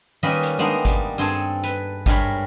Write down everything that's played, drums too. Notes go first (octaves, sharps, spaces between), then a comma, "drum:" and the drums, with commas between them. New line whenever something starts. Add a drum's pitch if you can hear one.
D#3 G3 A#3 C#4 B4 D#5
drum: hi-hat
G#3 A#3 B3 D4 D#4
G3, drum: kick G#1, hi-hat
G2 C4 G#4 A4 G#5 A5
B4, drum: hi-hat
G2 G3 G#3 A#4 C#5 B5, drum: kick G#1, hi-hat